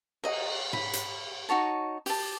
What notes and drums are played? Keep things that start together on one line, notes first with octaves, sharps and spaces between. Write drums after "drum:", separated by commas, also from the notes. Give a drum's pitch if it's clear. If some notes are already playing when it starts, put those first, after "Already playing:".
D#5 A#5, drum: cymbal
B5, drum: tom G#2
drum: hi-hat
D#4 F#4 C#5 A5
G4 A5, drum: open hi-hat